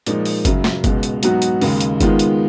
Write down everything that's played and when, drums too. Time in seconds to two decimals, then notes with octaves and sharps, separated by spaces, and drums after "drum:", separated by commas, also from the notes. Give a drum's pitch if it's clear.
0.06 A#2 F3 G#3 D#4, drum: hi-hat
0.25 drum: open hi-hat
0.45 F#2 C#3 F#3, drum: kick G1, hi-hat
0.64 drum: snare
0.84 C#2 B2 G#3, drum: kick G1, hi-hat
1.03 drum: hi-hat
1.23 G#2 F#3 B3 D#4 F#4, drum: hi-hat
1.42 drum: hi-hat
1.61 D#2 C#3 G#3, drum: open hi-hat
1.81 drum: hi-hat
2.00 D#3 G#3 B3 F4, drum: kick G1, hi-hat
2.19 drum: hi-hat